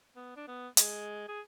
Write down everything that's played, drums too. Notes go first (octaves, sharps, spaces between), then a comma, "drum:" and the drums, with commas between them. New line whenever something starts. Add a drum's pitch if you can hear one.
B3
D4
B3
G#3, drum: hi-hat
G#4